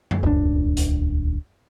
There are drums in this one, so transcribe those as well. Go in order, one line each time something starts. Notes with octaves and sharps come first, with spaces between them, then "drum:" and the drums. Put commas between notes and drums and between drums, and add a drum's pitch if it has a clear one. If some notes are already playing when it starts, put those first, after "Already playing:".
drum: tom F#2
D#1 C#2 C#3 D4
drum: hi-hat